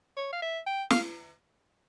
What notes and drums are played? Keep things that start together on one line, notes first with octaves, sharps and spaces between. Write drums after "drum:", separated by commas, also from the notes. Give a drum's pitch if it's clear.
C#5
F5
E5
G5
F5, drum: snare